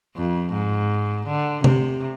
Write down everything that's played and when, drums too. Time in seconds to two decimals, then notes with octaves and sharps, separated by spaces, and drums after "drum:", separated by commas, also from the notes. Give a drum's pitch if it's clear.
0.16 F2
0.53 G#2
1.27 D3
1.64 C3, drum: tom C3